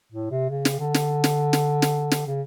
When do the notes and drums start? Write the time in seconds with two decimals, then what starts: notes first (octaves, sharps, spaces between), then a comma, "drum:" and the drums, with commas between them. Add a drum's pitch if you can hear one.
0.12 A2
0.31 C3
0.50 C#3
0.65 drum: snare
0.80 D3
0.94 drum: snare
1.24 drum: snare
1.53 drum: snare
1.82 drum: snare
2.11 drum: snare
2.27 C#3